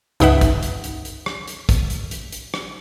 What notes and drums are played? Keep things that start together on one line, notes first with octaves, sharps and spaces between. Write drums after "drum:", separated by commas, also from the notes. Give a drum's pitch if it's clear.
C#2 G2 D#4 B4 E5 F#5, drum: hi-hat
drum: kick, hi-hat
drum: hi-hat
drum: hi-hat
drum: hi-hat
drum: rim click
drum: hi-hat
drum: kick, hi-hat
drum: hi-hat
drum: hi-hat
drum: hi-hat
drum: rim click